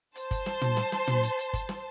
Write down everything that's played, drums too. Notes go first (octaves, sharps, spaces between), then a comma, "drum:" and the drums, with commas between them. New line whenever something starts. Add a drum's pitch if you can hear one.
C5 A5, drum: hi-hat
drum: kick G1, hi-hat
drum: snare
drum: tom
drum: snare
drum: snare
drum: tom
drum: hi-hat
drum: hi-hat
drum: kick G1, hi-hat
drum: snare